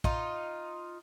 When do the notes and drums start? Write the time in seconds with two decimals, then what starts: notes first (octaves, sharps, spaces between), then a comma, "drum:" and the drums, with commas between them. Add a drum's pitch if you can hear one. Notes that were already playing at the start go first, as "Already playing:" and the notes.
0.04 D#4 F4, drum: kick